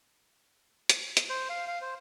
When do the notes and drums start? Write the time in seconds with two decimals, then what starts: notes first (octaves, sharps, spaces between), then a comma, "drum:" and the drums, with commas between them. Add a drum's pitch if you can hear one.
0.89 drum: hi-hat
1.17 drum: hi-hat
1.29 C5
1.50 F5
1.68 F5
1.81 C5